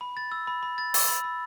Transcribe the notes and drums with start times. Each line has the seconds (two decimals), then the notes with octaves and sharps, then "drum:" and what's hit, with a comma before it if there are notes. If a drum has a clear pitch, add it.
0.01 B5
0.17 A6
0.32 E6
0.47 B5
0.63 B5
0.78 A6
0.94 E6, drum: open hi-hat
1.08 B5
1.24 B5